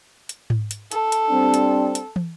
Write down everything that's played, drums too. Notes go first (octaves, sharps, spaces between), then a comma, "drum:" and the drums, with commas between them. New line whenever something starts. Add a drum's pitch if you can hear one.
drum: hi-hat
drum: tom G#2
drum: hi-hat
A4, drum: hi-hat
drum: hi-hat
G3 C4 D4
drum: hi-hat
drum: hi-hat
drum: tom